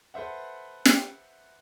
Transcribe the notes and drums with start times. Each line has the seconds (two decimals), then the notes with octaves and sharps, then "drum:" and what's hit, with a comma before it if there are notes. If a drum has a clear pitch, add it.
0.14 A4 B4 C5 E5 F#5
0.85 drum: snare